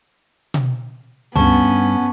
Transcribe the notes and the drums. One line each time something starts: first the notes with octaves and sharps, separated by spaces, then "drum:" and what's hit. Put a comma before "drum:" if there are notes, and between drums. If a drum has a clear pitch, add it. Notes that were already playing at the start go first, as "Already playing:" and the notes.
drum: tom B2
D2 G2 B3 C#4 A5 C#6, drum: tom C#2